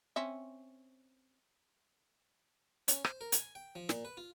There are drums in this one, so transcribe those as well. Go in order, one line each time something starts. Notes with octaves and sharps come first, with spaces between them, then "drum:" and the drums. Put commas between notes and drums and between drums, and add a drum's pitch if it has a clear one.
C4 C#4 E5
C#4, drum: hi-hat
C5, drum: rim click
A#4
G#5, drum: hi-hat
G5
F3
A#2, drum: snare
B4
F4